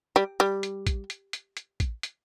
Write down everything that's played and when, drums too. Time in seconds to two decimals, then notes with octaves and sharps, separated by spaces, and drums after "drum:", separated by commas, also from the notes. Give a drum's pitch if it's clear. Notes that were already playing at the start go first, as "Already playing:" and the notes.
0.16 G3
0.40 G3
0.63 drum: hi-hat
0.87 drum: kick A1, hi-hat
1.10 drum: hi-hat
1.33 drum: hi-hat
1.57 drum: hi-hat
1.80 drum: kick A1, hi-hat
2.03 drum: hi-hat